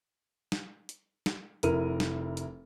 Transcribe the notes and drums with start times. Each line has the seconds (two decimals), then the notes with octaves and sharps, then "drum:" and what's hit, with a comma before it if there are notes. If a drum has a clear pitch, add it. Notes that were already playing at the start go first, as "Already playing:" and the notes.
0.52 drum: snare
0.89 drum: hi-hat
1.26 drum: snare
1.63 F1 E4 A#4 D#7, drum: hi-hat
2.00 drum: snare
2.37 drum: hi-hat